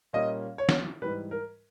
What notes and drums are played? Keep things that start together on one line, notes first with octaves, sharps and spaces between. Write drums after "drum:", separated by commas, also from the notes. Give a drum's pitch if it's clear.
A#2 G3 A#3 C#4 D#5
C#5
drum: snare
G#2 E3 G3 B4
A#4